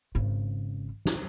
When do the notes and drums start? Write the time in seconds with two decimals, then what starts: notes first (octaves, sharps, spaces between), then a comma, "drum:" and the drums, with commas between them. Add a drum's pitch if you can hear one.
0.15 G#1 C#3
1.05 drum: snare